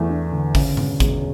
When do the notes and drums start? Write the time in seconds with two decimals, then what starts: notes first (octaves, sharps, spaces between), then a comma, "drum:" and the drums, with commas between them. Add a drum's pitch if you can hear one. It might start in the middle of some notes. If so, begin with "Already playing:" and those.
Already playing: E2 A3
0.09 D4
0.32 D3
0.55 C#3, drum: kick, open hi-hat
0.77 E1, drum: tom G#2
1.00 E1, drum: kick, hi-hat